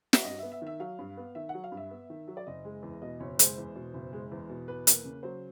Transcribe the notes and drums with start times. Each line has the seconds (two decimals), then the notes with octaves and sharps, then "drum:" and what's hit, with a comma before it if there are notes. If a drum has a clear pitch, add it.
0.13 E5, drum: snare
0.24 G2 D#5
0.38 E5
0.43 B3
0.52 E5
0.62 D#3
0.67 E5
0.80 F#3 F5
0.99 G2
1.17 B3
1.35 D#3 E5
1.49 F#5
1.54 F#3
1.64 F5
1.72 G2
1.77 E5
1.91 B3
2.10 D#3
2.28 F#3
2.37 D5
2.47 F#1 D#5
2.65 G#3
2.83 E2
3.02 B2 D#5
3.20 F#1 C#5
3.39 G#3 C5, drum: hi-hat
3.58 E2
3.76 B2
3.94 F#1
4.13 G#3
4.32 E2
4.49 B2
4.68 E2 B4
4.87 A#3, drum: hi-hat
5.05 C#3
5.23 F#3 C5